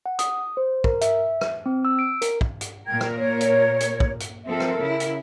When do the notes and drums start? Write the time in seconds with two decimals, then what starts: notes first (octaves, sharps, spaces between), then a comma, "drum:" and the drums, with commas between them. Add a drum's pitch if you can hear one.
0.06 F#5
0.19 D#6, drum: hi-hat
0.57 C5
0.84 A#4, drum: kick
1.01 E5, drum: hi-hat
1.41 drum: rim click
1.66 C4
1.85 E6
1.99 D7
2.22 A#4, drum: hi-hat
2.41 drum: kick
2.61 drum: hi-hat
2.87 A#2 A#4 G5 G#6
3.01 drum: rim click
3.18 C#5
3.41 drum: hi-hat
3.80 drum: hi-hat
4.00 drum: kick
4.20 drum: hi-hat
4.45 F3 C4 A4 A#4 E5
4.60 drum: rim click
4.77 C#3 E4
5.00 drum: hi-hat